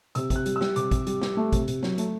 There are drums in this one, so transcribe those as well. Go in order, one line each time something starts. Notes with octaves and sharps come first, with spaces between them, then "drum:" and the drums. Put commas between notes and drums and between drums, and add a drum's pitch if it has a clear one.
C3 E6, drum: hi-hat
C3, drum: kick, hi-hat
F#6
G3, drum: hi-hat
E6
G3, drum: snare
C3 D6, drum: hi-hat
C3, drum: kick, hi-hat
G3, drum: hi-hat
G3, drum: snare
A3
C3, drum: kick, hi-hat
C3, drum: hi-hat
F#3, drum: snare
A3, drum: hi-hat